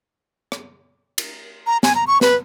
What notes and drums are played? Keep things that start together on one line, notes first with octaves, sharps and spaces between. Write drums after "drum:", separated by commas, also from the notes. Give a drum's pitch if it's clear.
drum: rim click
drum: cymbal
A#5
G#5, drum: snare
A#5
C#6
B4, drum: snare